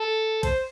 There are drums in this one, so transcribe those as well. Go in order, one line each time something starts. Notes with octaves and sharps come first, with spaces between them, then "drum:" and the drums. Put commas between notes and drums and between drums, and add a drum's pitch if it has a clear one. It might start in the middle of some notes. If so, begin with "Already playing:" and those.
Already playing: A4
C5, drum: kick A#1, cymbal